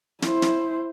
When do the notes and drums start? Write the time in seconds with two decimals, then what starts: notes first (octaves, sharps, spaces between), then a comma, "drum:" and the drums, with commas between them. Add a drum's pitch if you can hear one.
0.22 E4 C5, drum: snare
0.42 drum: snare